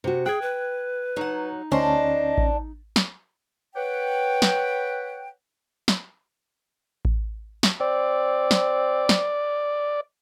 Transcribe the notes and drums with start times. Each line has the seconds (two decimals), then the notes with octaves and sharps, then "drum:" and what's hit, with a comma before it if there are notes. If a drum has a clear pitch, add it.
0.04 C3 F#4
0.26 G#4 G5 F#6 G#6
0.42 B4
1.17 F#3 D#4 F#5
1.72 D2 C#4 D4 C5 D#5
2.38 drum: kick A1
2.96 drum: snare
3.76 B4 C#5 F#5 G5
4.42 drum: snare
5.88 drum: snare
7.05 drum: kick A1
7.63 drum: snare
7.80 C4 D5
8.51 drum: snare
9.09 drum: snare